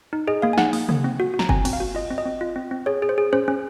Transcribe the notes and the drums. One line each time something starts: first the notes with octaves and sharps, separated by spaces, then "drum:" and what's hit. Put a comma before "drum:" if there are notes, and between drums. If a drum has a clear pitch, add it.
D#4
G#4 D#5
A#3 F5
G#5
D#4 F#5, drum: snare
A#3, drum: open hi-hat
A#3, drum: tom C3
C4
F#4
F#4
A#5, drum: snare
C4 G#5, drum: kick F#1
C4, drum: cymbal
F5
F#4
F4 D#5
C4
D#5
C4
F4
C4
C4
G#4 C#5
G#4
C5
G#4
C#4 C5
C#4